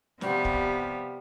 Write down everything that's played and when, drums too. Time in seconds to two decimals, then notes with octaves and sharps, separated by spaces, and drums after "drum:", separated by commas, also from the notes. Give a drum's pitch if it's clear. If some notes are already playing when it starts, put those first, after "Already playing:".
0.21 C3 F3 G3 B3, drum: snare
0.45 drum: kick